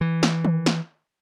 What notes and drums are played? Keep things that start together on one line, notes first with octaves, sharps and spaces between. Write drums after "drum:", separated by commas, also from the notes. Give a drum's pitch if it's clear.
E3
drum: snare
drum: tom D#3
drum: snare